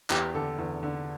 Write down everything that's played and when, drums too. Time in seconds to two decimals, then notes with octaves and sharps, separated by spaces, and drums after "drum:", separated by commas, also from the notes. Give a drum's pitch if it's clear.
0.10 E2 G4, drum: clap
0.35 D3 A4
0.58 E2
0.83 D3